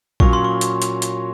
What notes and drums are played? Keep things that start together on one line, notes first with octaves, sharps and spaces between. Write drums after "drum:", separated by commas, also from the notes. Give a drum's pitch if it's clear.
A#2 F#3 C#4 F4 C#6, drum: kick A#1
C6
C#6
drum: hi-hat
drum: hi-hat
drum: hi-hat